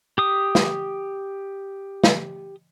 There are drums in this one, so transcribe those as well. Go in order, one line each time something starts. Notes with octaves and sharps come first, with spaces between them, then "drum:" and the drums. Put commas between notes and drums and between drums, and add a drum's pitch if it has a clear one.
G4 D#6
drum: snare
drum: snare